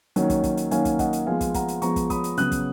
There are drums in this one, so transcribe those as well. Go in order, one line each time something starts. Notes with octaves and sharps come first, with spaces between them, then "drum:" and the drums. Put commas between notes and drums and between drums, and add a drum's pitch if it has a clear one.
D#3 F#3 A#3 C#4, drum: hi-hat
drum: kick, hi-hat
drum: kick, hi-hat
drum: hi-hat
D#3 F#3 A#3 C#4 F5 G#5, drum: hi-hat
drum: kick, hi-hat
D#5 F#5, drum: kick, hi-hat
drum: hi-hat
F3 G#3 B3 F5 G#5
drum: kick, hi-hat
F#5 A#5, drum: kick, hi-hat
drum: hi-hat
F3 G#3 B3 A#5 C#6, drum: hi-hat
drum: kick, hi-hat
B5 D#6, drum: kick, hi-hat
drum: hi-hat
C#3 F#3 B3 D#6 F#6, drum: hi-hat
drum: kick, hi-hat